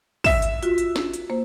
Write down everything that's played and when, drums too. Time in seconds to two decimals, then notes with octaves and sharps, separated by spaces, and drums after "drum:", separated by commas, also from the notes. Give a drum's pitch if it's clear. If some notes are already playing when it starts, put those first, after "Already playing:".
0.24 E5 E7, drum: kick, open hi-hat
0.42 drum: hi-hat
0.63 F4 F#4, drum: hi-hat
0.78 drum: hi-hat
0.96 drum: snare
1.14 drum: hi-hat
1.30 A#3 C5